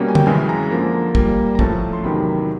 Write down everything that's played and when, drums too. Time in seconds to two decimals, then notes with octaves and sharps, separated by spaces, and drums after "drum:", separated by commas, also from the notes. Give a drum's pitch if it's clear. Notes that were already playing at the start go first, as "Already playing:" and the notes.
Already playing: B2 G3 A#3 C#4
0.09 G#5
0.15 G5, drum: tom D3
0.26 F#2 C#3 E3 G#3 G#5
0.49 A#5
0.71 D3 F3 A#3
1.15 A#2 G3 A#3, drum: kick
1.55 A#5
1.59 A2 F3 A3 C#4 A5, drum: kick
1.93 C6
2.04 E2 C3 D#3 F#3 B5